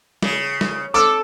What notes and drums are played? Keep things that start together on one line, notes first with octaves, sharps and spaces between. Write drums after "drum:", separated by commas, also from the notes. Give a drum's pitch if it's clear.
C#3, drum: snare
drum: snare
A4 D6 E6